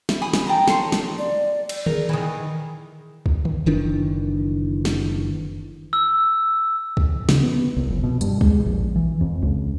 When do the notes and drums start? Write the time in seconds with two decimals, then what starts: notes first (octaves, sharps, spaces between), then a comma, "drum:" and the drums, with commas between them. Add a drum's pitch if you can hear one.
0.09 E4, drum: snare
0.22 G#5 B5 D#6
0.34 drum: snare
0.47 G5 A5 A#5
0.68 A4 C#5 C6, drum: snare
0.92 drum: snare
1.18 D5
1.69 drum: cymbal
1.86 G#4 A#4, drum: tom D3
2.09 D#3 E3
3.26 drum: kick
3.45 drum: tom D3
3.66 F#1 D#3 E3 D4
4.85 drum: snare
5.93 E6
6.97 drum: kick
7.29 C#3, drum: snare
7.43 B3
7.76 C2
7.90 F1
8.03 B2
8.21 G2, drum: hi-hat
8.41 G#3, drum: kick
8.66 A#1
8.96 E3
9.21 F2
9.42 C#2